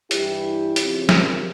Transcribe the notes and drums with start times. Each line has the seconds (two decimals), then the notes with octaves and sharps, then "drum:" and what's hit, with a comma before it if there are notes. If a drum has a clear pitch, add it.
0.11 G2 E3 G3 E4 G4, drum: hi-hat
0.76 C#3 F3 C4, drum: hi-hat
1.09 G4 A#4, drum: snare